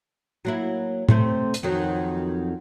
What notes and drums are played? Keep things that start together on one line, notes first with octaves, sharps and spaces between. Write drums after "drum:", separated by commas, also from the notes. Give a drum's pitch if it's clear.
F#3 A#3 E4
C3 A3 C4, drum: tom A2
drum: hi-hat
F2 D#3 F#3